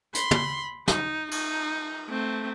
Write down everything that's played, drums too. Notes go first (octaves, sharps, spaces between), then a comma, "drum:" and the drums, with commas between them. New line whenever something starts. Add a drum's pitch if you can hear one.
B5 C6, drum: hi-hat
drum: tom
D#4, drum: snare
D#4, drum: cymbal
A3 C4